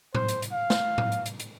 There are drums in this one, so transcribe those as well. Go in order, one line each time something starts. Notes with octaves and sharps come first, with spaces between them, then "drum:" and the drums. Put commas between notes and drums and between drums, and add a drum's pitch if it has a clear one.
C5, drum: tom A2
drum: hi-hat
drum: hi-hat
F5
drum: snare
drum: tom A2
drum: hi-hat
drum: hi-hat
drum: hi-hat